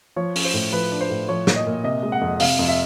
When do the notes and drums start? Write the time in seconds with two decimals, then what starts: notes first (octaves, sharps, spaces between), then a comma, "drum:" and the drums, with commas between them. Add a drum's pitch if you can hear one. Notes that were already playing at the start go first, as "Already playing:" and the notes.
0.16 F3 C#5
0.35 C#4, drum: open hi-hat
0.45 C5
0.53 A2
0.73 F3 B4
0.92 D4
1.01 C5
1.10 A2
1.28 F3 C#5
1.47 A#2, drum: snare
1.56 D#5
1.66 A#2
1.84 C3 D#5
2.03 G#3
2.12 F#5
2.21 F2
2.40 C3 F5, drum: open hi-hat
2.59 F2
2.68 E5